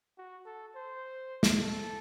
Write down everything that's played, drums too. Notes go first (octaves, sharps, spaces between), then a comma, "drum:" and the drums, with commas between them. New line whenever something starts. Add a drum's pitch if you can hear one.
F#4
A4
C5
drum: snare
A4